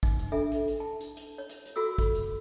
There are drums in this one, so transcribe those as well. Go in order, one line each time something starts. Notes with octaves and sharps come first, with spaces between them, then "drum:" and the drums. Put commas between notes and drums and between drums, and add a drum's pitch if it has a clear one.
D#4, drum: kick, hi-hat
drum: hi-hat
D4 A4 E5
drum: hi-hat
drum: hi-hat
A5
drum: hi-hat
drum: hi-hat
C#5
drum: hi-hat
drum: hi-hat
F4 F#4 A4 E6
drum: kick, hi-hat
drum: hi-hat